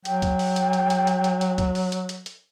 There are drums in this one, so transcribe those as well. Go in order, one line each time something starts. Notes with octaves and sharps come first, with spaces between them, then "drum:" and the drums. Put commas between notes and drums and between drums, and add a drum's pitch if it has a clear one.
F#3 G5, drum: hi-hat
drum: kick, hi-hat
drum: open hi-hat
drum: hi-hat
drum: hi-hat
drum: hi-hat
drum: hi-hat
drum: hi-hat
drum: hi-hat
drum: kick, hi-hat
drum: open hi-hat
drum: hi-hat
drum: hi-hat
drum: hi-hat